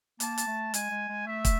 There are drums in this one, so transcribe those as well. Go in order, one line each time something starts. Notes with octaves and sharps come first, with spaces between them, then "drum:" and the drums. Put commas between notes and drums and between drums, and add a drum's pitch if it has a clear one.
A#3 A5, drum: hi-hat
drum: hi-hat
A3
G#3 G#5, drum: hi-hat
G#3
G#3
A3 E5
drum: kick, hi-hat